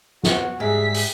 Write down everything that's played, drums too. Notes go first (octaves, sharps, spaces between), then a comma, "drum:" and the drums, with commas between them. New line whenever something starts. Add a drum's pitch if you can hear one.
B3 F#4, drum: snare
G#2 G3 G#4 E5 B6
drum: open hi-hat